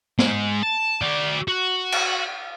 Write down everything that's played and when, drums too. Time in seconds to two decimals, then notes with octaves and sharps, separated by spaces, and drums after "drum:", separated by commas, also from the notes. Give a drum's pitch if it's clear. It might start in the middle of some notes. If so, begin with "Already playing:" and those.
0.19 G#3 D#4, drum: snare
0.63 A5
1.02 F#4 D5
1.48 F#4
1.92 drum: cymbal